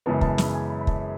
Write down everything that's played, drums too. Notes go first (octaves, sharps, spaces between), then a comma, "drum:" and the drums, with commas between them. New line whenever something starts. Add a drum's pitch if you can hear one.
F#2 C#3 E3 G#3 B3 A5
A5, drum: kick
B5, drum: snare
G#5
B5
B5
A5, drum: kick